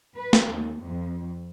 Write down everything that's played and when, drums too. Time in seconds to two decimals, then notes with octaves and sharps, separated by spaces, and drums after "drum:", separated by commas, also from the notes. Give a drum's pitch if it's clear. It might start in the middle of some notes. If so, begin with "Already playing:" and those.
0.16 B4
0.33 drum: snare
0.50 D#2
0.83 F2